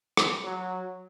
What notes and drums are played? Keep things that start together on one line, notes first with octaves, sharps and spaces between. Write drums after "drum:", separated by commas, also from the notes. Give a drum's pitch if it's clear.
drum: rim click
F#3